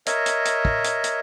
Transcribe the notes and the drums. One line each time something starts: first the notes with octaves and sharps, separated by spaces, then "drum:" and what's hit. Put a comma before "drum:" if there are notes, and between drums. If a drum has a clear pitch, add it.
A#4 C#5 D#5 E5, drum: hi-hat
drum: hi-hat
drum: hi-hat
drum: kick
drum: hi-hat
drum: hi-hat